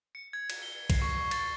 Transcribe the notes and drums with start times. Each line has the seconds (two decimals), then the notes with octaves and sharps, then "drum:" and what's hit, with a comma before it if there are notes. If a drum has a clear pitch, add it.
0.15 C#7
0.33 G#6
0.50 drum: cymbal
0.62 G7
0.90 C7, drum: kick B1, cymbal
1.02 C#6
1.31 A6, drum: cymbal